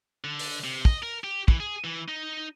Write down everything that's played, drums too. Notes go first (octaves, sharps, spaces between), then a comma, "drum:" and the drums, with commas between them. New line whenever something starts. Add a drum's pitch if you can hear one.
D3
drum: open hi-hat
C3
D#5, drum: kick
A#4
G4
E3, drum: kick
G#4
E3
D#4